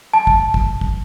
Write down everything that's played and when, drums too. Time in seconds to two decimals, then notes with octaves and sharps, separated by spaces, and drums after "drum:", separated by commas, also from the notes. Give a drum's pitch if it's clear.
0.14 A5
0.27 drum: kick
0.54 drum: kick
0.81 drum: kick